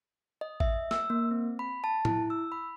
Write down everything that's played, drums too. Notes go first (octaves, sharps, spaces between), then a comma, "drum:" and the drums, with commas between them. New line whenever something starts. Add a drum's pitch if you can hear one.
D#5
E5, drum: kick
E6, drum: snare
A#3
C4
B5
A5
E4, drum: tom A2
E6
B5